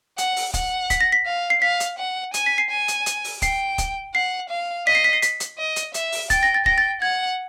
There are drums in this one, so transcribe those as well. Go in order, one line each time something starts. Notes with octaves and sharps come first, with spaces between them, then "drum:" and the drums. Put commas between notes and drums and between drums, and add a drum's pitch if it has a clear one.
F#5, drum: hi-hat
drum: open hi-hat
F#5, drum: kick, hi-hat
B6, drum: kick, hi-hat
A#6
B6
F5
C7
F5 B6
drum: hi-hat
F#5
G#5, drum: hi-hat
B6
C7
G#5
drum: hi-hat
drum: hi-hat
drum: open hi-hat
G5 C7, drum: kick, hi-hat
drum: kick, hi-hat
F#5 C7
F5
D#5 B6
C7
B6
C7
B6, drum: hi-hat
drum: hi-hat
D#5
drum: hi-hat
E5, drum: hi-hat
drum: open hi-hat
G5 A6, drum: kick, hi-hat
A#6
A6
G5 A#6, drum: kick
A6
F#5 G#6